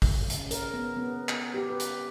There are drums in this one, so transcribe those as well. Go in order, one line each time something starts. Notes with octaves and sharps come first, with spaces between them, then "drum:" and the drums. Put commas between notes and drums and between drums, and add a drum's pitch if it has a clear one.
drum: kick, open hi-hat
C#3, drum: hi-hat
A#4, drum: hi-hat
B3
B3
drum: clap
G4
B4
drum: hi-hat